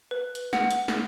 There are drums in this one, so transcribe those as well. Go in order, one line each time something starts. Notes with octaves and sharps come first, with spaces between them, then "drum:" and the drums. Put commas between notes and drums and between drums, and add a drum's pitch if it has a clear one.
B4
drum: hi-hat
F#5, drum: snare
drum: hi-hat
drum: snare